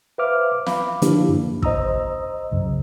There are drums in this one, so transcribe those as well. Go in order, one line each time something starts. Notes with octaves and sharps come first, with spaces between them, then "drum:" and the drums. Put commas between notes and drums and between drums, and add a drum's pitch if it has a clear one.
B4 C5 E5 F5 D6 F6
F5 B5 D6, drum: snare
D3 F3 A#3 D4 E4 G4, drum: hi-hat
F#2
C5 D#5 A#5 D#6 E6, drum: kick
B1 F#2 C#3